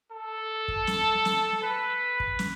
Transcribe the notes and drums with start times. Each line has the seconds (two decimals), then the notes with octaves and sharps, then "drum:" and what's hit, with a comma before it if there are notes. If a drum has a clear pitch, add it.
0.12 A4
0.68 drum: kick
0.87 drum: snare
1.25 drum: snare
1.63 B4
2.20 drum: kick
2.39 drum: snare